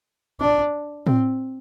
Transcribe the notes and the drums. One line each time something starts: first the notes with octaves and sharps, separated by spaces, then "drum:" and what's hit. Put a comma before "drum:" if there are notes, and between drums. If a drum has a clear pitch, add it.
D4
C4, drum: tom A2